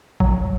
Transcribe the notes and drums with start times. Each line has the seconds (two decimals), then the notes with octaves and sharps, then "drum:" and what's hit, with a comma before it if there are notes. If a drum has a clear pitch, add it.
0.20 F#3, drum: kick A1